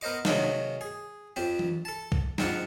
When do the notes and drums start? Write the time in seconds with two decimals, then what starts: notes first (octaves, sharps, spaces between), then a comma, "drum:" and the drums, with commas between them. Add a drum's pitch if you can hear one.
0.02 B3 A#4 C5 D#5 D6
0.25 C3 D#3 F#3 G#3 A#3, drum: snare
0.81 G#4
1.36 F2 C4 G4
1.59 drum: tom E3
1.85 A4 A5
2.12 drum: kick
2.38 G#2 C4 F4 F#5, drum: snare